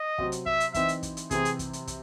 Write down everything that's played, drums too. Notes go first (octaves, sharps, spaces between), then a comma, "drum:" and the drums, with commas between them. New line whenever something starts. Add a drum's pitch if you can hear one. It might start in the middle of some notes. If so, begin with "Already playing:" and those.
Already playing: D#5
C3 F#3 C4 F#4, drum: kick
drum: hi-hat
E5, drum: kick
drum: hi-hat
E3 C4 D#4 E5, drum: kick, hi-hat
drum: hi-hat
drum: kick, hi-hat
drum: hi-hat
C3 E3 C4 G#4, drum: kick, hi-hat
drum: hi-hat
drum: kick, hi-hat
drum: hi-hat
drum: kick, hi-hat